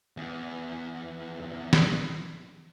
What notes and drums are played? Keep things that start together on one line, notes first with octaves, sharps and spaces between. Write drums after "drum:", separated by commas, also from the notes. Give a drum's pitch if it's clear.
E2 E3
drum: snare